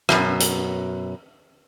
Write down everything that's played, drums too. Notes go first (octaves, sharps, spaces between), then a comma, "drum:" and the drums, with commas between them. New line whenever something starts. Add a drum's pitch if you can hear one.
F#2 B2, drum: rim click
drum: hi-hat